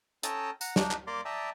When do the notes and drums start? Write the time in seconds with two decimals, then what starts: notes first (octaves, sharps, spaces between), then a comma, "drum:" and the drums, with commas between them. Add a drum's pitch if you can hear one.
0.23 C#4 A4 G5 A5 A#5 D#6, drum: hi-hat
0.61 F#5 A#5, drum: tambourine
0.76 D4 D#4, drum: snare
0.91 drum: clap
1.07 A#3 D5 A#5 C6 D6
1.25 D5 E5 G5 A5 A#5 D#6